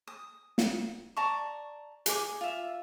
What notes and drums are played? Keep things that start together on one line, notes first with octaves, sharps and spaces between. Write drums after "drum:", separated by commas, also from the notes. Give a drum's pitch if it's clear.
D#6
drum: snare
D5 A5 A#5 C#6
G#4 G#5 D6, drum: hi-hat
F4 E5